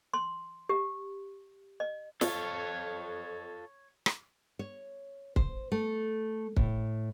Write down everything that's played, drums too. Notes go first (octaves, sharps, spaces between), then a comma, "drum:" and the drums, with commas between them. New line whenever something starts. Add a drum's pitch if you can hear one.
C6
G4
D#5
F2 F4 A4 C#5, drum: snare
drum: rim click
C#5
C5, drum: kick
A3
A2, drum: kick